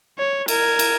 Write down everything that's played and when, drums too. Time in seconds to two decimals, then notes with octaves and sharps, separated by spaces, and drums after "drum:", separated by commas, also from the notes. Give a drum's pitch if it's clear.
0.18 C#5
0.48 A#4 G#6, drum: cymbal
0.79 drum: cymbal